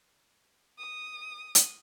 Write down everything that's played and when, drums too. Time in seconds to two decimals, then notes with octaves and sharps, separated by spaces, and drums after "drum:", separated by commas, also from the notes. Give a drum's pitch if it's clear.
0.78 D#6
1.55 drum: hi-hat